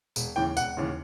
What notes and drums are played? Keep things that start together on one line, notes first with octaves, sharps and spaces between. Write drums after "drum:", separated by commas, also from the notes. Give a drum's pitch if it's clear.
E1, drum: tambourine
D#2 C#3 E3 G5
E1 F#5, drum: tambourine
D#2 C#3 E3